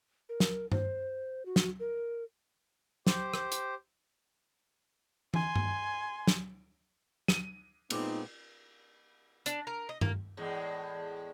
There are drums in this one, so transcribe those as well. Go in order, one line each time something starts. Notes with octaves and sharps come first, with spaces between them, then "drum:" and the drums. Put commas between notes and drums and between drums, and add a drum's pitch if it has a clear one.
A#4
drum: snare
C5, drum: tom G2
F#4
drum: snare
A#4
G4 C5, drum: snare
drum: rim click
drum: hi-hat
G#5 C6, drum: tom
drum: tom G2
drum: snare
D#7, drum: snare
A#2 G#3 B3 C4 D#4 D6, drum: cymbal
D4, drum: hi-hat
A#4
D#5
A#3, drum: tom G2
E2 A2 G#3